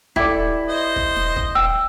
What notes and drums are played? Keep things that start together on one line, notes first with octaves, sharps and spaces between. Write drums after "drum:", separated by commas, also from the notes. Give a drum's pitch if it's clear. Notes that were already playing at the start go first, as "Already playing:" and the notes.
E4 G4 A4 D5, drum: kick
C5 D#5
drum: kick
drum: snare
drum: kick
G5 E6